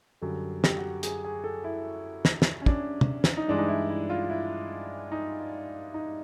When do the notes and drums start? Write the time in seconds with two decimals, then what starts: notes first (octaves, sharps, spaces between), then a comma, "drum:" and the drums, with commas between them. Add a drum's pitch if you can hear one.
0.22 F#2 D3 G3 A4
0.64 G4, drum: snare
0.77 F#4
1.03 G#4, drum: hi-hat
1.24 G#4
1.44 A4
1.64 E4
2.25 drum: snare
2.42 drum: snare
2.62 C#4
2.66 D4, drum: kick
3.01 drum: tom
3.24 drum: snare
3.37 D#4
3.48 G2 E3 G#3 D4
3.58 D#4
3.68 E4
3.90 E4
4.10 F4
4.30 E4
5.12 D#4
5.94 D#4